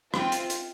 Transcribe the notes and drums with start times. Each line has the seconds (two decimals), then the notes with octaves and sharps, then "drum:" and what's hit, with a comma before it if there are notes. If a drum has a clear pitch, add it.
0.14 C4 F4 G5, drum: rim click
0.32 drum: hi-hat
0.50 drum: hi-hat